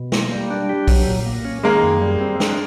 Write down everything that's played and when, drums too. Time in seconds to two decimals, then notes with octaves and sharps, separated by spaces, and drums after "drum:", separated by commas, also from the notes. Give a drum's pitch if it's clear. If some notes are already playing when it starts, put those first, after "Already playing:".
Already playing: B2
0.12 A#3, drum: snare
0.31 G3
0.50 D4
0.69 G4
0.88 F#3, drum: kick B1, open hi-hat
1.07 A#2
1.26 A#3
1.45 C#4
1.63 D#3 G#3 A#3
1.83 F#2
2.02 G3
2.21 C4
2.40 D4, drum: snare